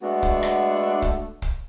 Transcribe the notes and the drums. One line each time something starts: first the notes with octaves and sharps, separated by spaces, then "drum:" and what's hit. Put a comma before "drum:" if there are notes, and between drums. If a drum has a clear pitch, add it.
G#3 A3 B3 D4 F#4
drum: kick
drum: rim click
drum: kick
drum: kick